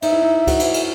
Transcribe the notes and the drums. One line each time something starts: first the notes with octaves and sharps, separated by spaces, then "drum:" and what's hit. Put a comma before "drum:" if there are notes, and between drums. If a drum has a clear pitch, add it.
D#4 E5, drum: cymbal
E4
D#4
F#4, drum: kick C#2, cymbal
E4, drum: cymbal
drum: cymbal